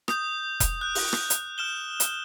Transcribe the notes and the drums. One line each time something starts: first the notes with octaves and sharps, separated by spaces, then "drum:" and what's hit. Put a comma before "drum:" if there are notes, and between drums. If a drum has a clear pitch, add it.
D#6 G6, drum: rim click
drum: kick E1, hi-hat
F#6 G6
drum: open hi-hat
drum: rim click
drum: hi-hat
F6 E7 G7
drum: hi-hat